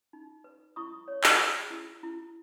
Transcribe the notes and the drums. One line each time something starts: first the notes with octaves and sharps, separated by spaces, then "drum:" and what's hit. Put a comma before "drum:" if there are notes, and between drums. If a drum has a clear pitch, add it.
D#4
B4
E4 C#6 D#6
C#5
drum: clap
G#4
E4
E4